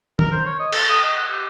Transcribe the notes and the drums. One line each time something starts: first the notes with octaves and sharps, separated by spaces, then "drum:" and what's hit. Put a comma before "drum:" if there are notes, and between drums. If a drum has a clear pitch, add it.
A#4, drum: tom
C5
C#5
D#5
A4, drum: cymbal
D#6
D#5
F#5
G4